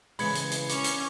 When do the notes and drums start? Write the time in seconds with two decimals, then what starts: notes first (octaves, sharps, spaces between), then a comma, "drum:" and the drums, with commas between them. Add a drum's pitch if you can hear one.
0.19 C#3 E3 G#3 B5 G#6 C#7, drum: open hi-hat
0.35 drum: hi-hat
0.52 drum: hi-hat
0.69 C#4 C#6 D6 F7, drum: hi-hat
0.84 drum: hi-hat